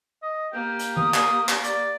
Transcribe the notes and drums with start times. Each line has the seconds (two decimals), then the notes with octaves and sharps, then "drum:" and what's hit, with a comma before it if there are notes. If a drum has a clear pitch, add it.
0.23 D#5
0.53 A#3 G4 G5
0.79 drum: hi-hat
0.97 D#6, drum: tom D#3
1.14 drum: clap
1.49 drum: clap
1.64 D5, drum: hi-hat